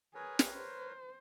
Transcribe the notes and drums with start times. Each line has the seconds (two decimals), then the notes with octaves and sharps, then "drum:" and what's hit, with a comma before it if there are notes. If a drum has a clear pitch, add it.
0.15 G#4 A#4 B4 C#5
0.39 drum: snare
0.54 C5